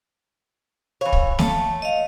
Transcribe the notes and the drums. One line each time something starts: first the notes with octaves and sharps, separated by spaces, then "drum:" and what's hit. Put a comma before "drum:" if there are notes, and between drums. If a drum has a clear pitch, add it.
E3 C#5 F5
drum: kick
A3 C#5 A5, drum: snare
D#5 F5